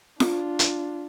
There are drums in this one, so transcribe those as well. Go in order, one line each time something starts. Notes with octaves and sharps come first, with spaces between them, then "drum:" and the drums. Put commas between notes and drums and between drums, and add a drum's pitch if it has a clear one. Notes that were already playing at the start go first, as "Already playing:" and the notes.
D4 F4, drum: snare F4
drum: hi-hat